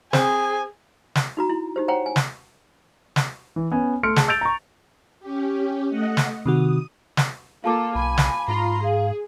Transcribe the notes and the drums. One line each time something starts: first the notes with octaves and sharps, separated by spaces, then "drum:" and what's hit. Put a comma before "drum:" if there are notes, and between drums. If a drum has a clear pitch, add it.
C4 G#4 G#5, drum: snare
drum: snare
D#4 F#4 A#5
E4
D#4 G4 C5
C5 C#5 F#5 G5 A#5
G#5
drum: snare
drum: snare
E3
B3 C#4 G#5
A3 C6 F6 C#7 D7
G#4 A5, drum: snare
E6 G6 A6 D7 F7
A#5 C#6
C#4 G4
A3 D#5 F#5
drum: snare
C3 D#3 F#4 D#6
drum: snare
A#3 F4 A4 F5 A5 D6
B1 G#5 B5
drum: snare
G#2 F4 A#5 C6
G#4 F5